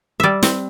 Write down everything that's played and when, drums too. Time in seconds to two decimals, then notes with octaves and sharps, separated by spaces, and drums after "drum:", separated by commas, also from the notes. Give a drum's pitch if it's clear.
0.20 G3 D5 E5
0.43 C4, drum: snare